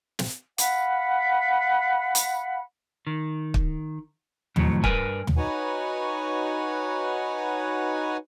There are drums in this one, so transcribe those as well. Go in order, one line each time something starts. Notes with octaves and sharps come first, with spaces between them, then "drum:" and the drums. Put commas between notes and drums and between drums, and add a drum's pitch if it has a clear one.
drum: snare
F5 F#5 B5, drum: hi-hat
drum: hi-hat
D#3
drum: kick
F2 A2 D#3 F#3, drum: tom
G2 A#4 B4 G#5, drum: kick
drum: tom
D#4 F#4 B4 C#5 F#5 G#5